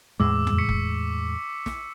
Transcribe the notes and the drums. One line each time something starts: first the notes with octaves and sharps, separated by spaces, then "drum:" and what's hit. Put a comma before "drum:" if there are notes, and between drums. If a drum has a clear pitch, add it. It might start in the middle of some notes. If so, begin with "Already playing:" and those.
E2 A2 G#3 D6 E6
drum: tom F2
C#6 B6 C#7
drum: kick
drum: snare